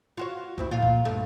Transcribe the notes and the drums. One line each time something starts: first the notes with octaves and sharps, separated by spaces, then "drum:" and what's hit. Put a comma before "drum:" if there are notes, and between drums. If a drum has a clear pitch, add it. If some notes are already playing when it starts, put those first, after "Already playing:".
F4 F#4 C#5
D2 C4 E4, drum: kick
F2 A#2 F4
drum: kick
G2 A3